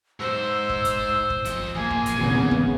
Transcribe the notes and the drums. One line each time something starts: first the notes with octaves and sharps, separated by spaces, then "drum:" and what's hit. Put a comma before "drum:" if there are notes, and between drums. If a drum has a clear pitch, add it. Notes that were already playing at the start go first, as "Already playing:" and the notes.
G#2 C5 E6
drum: kick
drum: kick, hi-hat
drum: kick
F3 D#5, drum: kick, hi-hat
F3 A#3 G#4 G#5
drum: kick
drum: kick, hi-hat
G#1 E2 C#3 B3
drum: kick